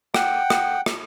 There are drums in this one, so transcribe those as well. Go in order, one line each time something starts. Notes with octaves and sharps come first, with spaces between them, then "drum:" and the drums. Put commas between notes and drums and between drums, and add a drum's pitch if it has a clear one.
F#5 G5, drum: rim click
drum: rim click
drum: rim click